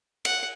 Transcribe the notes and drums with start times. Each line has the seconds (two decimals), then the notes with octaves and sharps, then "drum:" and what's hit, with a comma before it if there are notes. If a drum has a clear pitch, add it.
0.25 F#5, drum: cymbal